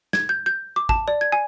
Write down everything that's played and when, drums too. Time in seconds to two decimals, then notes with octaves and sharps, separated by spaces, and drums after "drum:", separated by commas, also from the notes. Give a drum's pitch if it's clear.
0.13 G#6, drum: snare
0.29 G6
0.46 G6
0.76 D6
0.89 A5, drum: kick G#1
1.08 D5
1.21 G#6
1.32 G#5